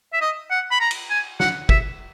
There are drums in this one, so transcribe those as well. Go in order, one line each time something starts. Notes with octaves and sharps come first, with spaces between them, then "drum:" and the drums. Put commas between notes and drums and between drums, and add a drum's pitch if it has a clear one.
E5
D#5
F#5
B5
A#5
drum: cymbal
G#5
F#5, drum: snare
E5, drum: kick